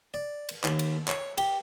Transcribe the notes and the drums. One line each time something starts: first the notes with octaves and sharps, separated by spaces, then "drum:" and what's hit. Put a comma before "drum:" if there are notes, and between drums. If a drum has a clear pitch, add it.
D5
drum: cymbal
D#2, drum: clap
drum: cymbal
C#5, drum: clap
G4, drum: cymbal